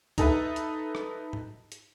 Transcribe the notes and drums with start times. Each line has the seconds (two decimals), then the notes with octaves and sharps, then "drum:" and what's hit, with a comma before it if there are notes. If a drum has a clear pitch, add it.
0.18 D#4 A4 B4 E5, drum: kick C#2, hi-hat
0.56 drum: hi-hat
0.95 drum: rim click
1.33 drum: tom
1.72 drum: hi-hat